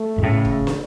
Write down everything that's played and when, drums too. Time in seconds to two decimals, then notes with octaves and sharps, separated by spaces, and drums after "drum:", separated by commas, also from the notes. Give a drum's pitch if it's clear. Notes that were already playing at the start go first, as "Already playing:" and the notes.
Already playing: A3
0.18 G#2
0.23 A2 C#3
0.45 drum: kick
0.67 drum: snare